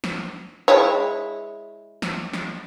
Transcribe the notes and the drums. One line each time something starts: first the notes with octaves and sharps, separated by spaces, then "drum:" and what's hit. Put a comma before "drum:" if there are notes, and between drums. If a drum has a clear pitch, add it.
drum: snare
G#3 E4 C#5
drum: snare
drum: snare